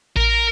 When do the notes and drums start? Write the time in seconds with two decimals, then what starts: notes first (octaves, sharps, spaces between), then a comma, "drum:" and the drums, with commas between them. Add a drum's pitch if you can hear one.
0.16 A#4, drum: kick A1